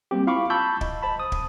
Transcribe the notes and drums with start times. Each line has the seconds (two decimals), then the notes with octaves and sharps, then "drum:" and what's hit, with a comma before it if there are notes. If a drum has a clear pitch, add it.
0.11 G3 A#3 C4 G4
0.27 E4 F4 F5 B5 C#6 D6
0.50 A5 B5 C#6 E6 G6
0.81 D#5, drum: kick
1.03 C5 A5 B5
1.20 D#6
1.32 drum: kick